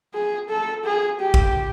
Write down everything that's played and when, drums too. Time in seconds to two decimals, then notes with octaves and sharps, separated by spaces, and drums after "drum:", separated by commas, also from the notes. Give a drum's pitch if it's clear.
0.14 G#4
0.49 A4
0.85 G#4
1.20 G4
1.34 drum: kick